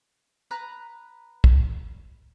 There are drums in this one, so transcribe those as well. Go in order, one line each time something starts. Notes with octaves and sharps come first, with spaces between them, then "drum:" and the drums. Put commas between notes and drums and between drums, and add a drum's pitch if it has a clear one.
B4 A#5 F#6
drum: kick